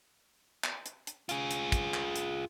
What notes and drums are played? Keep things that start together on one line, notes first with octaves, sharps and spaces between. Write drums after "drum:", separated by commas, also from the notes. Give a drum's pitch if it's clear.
drum: clap
drum: hi-hat
drum: hi-hat
F4 G#4, drum: hi-hat
drum: hi-hat
drum: kick, hi-hat
drum: clap
drum: hi-hat